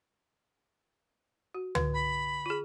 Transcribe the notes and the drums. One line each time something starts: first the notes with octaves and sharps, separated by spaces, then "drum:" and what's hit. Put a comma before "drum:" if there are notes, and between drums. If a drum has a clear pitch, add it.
F#4
D3, drum: tom
B5
F4 G#4